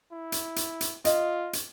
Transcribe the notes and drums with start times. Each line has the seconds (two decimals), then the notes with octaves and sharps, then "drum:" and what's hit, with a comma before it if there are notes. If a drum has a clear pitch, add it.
0.12 E4
0.32 drum: hi-hat
0.56 drum: hi-hat
0.81 drum: hi-hat
1.05 F4 D#5, drum: hi-hat
1.53 drum: hi-hat